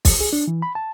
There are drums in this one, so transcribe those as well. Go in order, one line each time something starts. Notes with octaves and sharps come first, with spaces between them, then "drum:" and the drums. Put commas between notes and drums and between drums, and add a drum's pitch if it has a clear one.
drum: kick, open hi-hat
G#4
D4
E3
B5
A5